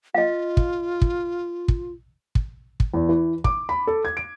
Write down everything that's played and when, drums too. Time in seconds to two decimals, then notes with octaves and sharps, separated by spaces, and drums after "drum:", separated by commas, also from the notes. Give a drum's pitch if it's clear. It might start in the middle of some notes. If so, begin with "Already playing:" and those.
0.15 F4 D#5 F5
0.57 drum: kick
1.02 drum: kick
1.68 drum: kick
2.35 drum: kick
2.80 drum: kick
2.94 E2
3.09 E3
3.44 D6, drum: kick
3.69 B5
3.87 A4
4.05 G#6
4.17 D7